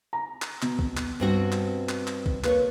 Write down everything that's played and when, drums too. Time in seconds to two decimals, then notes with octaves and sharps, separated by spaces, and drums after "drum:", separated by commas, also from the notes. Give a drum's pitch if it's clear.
0.13 A#5
0.42 drum: clap
0.62 B2, drum: clap
0.79 drum: kick
0.97 drum: clap
1.20 G2 C4 F#4
1.52 drum: clap
1.89 drum: clap
2.07 drum: clap
2.26 drum: kick
2.44 A#3 A#4 B4 C#5, drum: clap